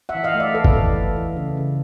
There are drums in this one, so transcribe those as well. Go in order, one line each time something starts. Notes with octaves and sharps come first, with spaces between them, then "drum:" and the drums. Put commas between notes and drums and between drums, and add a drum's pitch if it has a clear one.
E5 F#5
E3
D#5 F5
A3
D5 E5
A3 A4 B4
drum: kick
E3
A3
E3
C#3
C#3